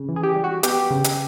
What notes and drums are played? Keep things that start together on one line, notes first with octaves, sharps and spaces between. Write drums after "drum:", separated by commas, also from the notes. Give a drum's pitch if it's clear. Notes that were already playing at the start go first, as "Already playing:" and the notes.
Already playing: C#3
E3
G#4
G4
G3
F#4
B3 G4, drum: hi-hat
C#3
drum: hi-hat